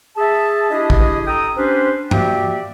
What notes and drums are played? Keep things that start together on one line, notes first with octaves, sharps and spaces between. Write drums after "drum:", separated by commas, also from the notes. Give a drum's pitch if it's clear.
G#4 E5 A5
D4 E4 G4 G#4 D#5
drum: kick
A4 G5 A#5 D#6
C#4 D4 G4 B4 C5
A#3 F#4 G4 D5 E5 G5, drum: tom